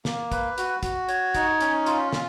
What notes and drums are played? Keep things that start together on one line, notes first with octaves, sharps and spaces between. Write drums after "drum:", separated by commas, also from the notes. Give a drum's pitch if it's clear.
A#3, drum: snare
B4, drum: kick, hi-hat
F#4, drum: hi-hat
F#4, drum: kick, hi-hat
C#5, drum: hi-hat
D#4, drum: kick, hi-hat
C#4, drum: hi-hat
F4, drum: hi-hat
F4, drum: snare